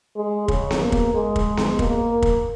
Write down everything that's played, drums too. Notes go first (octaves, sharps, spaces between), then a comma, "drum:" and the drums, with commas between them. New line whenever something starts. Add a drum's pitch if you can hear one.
G#3
C#3, drum: kick
drum: snare B3
A#3
drum: kick
G#3
drum: kick
drum: snare B3
A#3, drum: kick
drum: kick